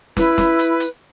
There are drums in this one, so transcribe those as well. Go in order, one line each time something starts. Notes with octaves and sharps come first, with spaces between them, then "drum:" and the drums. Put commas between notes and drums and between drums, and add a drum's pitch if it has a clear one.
E4 B4, drum: snare
drum: snare
drum: hi-hat
drum: hi-hat